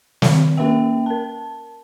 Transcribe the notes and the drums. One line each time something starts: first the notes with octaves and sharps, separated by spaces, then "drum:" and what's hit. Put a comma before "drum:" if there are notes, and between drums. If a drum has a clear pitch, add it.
D#3, drum: snare
A#3 C#4 B4 E5 G5
A#4 A5